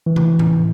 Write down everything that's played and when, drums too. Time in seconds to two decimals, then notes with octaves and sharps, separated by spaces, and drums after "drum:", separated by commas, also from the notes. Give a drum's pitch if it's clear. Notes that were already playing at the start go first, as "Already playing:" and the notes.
0.06 E3
0.16 drum: tom C3
0.39 drum: tom A2